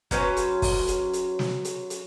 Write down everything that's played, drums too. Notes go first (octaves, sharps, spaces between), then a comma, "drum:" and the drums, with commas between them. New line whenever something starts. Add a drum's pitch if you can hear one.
F#3 C#4 B4 C5, drum: kick, hi-hat
drum: hi-hat
drum: kick, open hi-hat
drum: hi-hat
drum: hi-hat
drum: snare
drum: hi-hat
drum: hi-hat